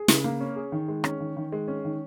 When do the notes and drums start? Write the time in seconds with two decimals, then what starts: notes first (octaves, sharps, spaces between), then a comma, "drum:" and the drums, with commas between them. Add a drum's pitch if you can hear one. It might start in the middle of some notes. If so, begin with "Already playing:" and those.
Already playing: G#4
0.08 C#3, drum: snare
0.24 A#3
0.41 C#4
0.56 G#4
0.72 D#3
0.88 G#3
1.04 C#4, drum: rim click
1.20 D#3
1.37 D#3
1.52 G#3
1.68 C#4
1.85 D#3